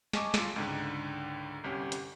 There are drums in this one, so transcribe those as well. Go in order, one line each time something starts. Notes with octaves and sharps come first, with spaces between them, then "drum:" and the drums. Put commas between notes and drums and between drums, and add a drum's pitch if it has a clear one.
D#5 G#5 A5 C#6 D6, drum: snare
F4 A4, drum: snare
C#2 G#2 D3
G1 C2 C#4 G4
drum: hi-hat